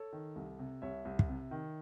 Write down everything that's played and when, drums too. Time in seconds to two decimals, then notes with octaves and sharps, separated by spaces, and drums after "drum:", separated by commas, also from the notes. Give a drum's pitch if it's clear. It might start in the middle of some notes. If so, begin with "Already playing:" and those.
Already playing: A4 C#5
0.13 D#3
0.36 C2
0.59 C3
0.82 C2 C#5 E5
1.05 C2
1.19 drum: kick
1.29 C3
1.51 D#3